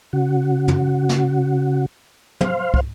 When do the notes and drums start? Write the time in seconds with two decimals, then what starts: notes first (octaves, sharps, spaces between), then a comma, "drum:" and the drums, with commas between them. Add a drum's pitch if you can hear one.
0.13 C#3 F#4
0.68 drum: tom
1.09 drum: snare
2.41 C5 F5, drum: tom
2.74 drum: kick